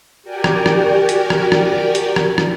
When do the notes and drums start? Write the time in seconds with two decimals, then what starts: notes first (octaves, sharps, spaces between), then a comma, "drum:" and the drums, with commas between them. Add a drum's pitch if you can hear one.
0.23 F#4 G4 A#4 D5 G5 G#5
0.44 drum: rim click
0.66 drum: rim click
1.09 drum: hi-hat
1.30 drum: rim click
1.52 drum: rim click
1.95 drum: hi-hat
2.16 drum: rim click
2.38 drum: rim click